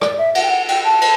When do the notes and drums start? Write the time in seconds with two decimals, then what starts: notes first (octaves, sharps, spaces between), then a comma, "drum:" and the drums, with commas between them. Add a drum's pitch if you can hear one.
0.01 D5, drum: rim click
0.18 E5
0.35 F#5, drum: cymbal
0.43 G5
0.50 F#5
0.68 G5, drum: cymbal
0.84 A5
1.01 drum: cymbal